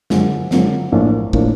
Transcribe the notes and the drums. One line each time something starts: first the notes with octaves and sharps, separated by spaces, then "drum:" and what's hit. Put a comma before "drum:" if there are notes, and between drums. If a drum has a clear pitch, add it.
F#1 F#2 D3 F3 G#3, drum: snare
F#1 F#2 D3 F3 G#3, drum: snare
A#1 A2 F3 A#3 D4
A2 F3 A#3 D4, drum: kick